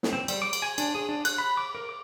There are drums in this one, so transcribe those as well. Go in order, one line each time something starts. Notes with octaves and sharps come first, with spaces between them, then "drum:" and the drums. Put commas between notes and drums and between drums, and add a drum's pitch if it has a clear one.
drum: snare
C4
G3, drum: cymbal
D6
drum: cymbal
G#5
D4, drum: cymbal
G#4
D4
F#6, drum: cymbal
B5
D6
A#4
D6